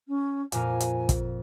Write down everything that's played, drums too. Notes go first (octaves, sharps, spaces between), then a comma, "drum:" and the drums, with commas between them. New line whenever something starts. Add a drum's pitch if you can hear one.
C#4
F2 A#2 A#4 G#5, drum: hi-hat
drum: hi-hat
drum: kick, hi-hat